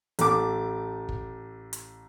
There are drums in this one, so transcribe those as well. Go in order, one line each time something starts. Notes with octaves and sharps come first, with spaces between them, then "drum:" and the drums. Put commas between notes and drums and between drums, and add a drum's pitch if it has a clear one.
A1 A3 D6, drum: hi-hat
drum: kick
drum: hi-hat